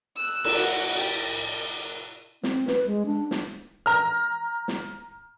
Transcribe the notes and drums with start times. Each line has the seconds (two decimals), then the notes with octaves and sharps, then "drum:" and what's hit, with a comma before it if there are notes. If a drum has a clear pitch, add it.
0.17 E6 F#6
0.44 drum: cymbal
0.58 F#4
0.97 G4
2.43 C4, drum: snare
2.67 B4, drum: snare
2.87 G#3
3.06 D4
3.31 drum: snare
3.86 A#5 F6
4.68 drum: snare